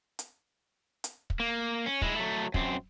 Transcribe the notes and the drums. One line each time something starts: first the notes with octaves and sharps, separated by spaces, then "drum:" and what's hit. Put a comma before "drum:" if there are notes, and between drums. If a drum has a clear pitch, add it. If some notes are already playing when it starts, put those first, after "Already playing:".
drum: hi-hat
drum: hi-hat
drum: kick
A#3
C#4
G#3 E4, drum: kick
F#3 A3
F#2 C4, drum: kick